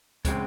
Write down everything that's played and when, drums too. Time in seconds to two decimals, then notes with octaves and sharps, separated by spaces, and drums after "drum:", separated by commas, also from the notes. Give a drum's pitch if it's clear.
0.25 C#3 G#3 C4 G4, drum: kick, hi-hat